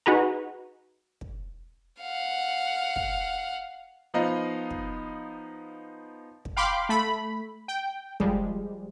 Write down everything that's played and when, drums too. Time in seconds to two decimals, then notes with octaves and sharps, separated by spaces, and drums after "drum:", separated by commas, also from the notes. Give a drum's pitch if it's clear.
0.06 D#4 F#4 G#4 B4 A#5
1.21 drum: kick
2.01 F5 F#5
2.96 drum: kick
4.14 F3 B3 D#4 D#5 F5
4.71 drum: kick
6.45 drum: kick
6.57 F5 G5 B5 C6 D6
6.89 A3 B5
7.68 G5
8.20 F3 G3 G#3, drum: kick